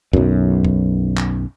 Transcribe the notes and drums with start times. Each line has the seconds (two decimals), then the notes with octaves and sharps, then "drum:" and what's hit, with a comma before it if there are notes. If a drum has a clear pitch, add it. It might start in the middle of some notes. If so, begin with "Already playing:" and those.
0.13 B1 F#2, drum: kick
0.65 drum: kick
1.17 drum: clap